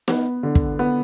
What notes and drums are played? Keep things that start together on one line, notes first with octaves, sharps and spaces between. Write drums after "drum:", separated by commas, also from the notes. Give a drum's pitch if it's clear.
B3, drum: snare
D3
drum: kick
B3